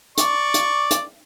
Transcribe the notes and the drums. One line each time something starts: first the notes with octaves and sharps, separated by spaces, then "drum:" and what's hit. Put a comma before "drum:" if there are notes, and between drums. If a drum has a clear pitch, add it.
D5 C#6, drum: hi-hat
drum: hi-hat
drum: hi-hat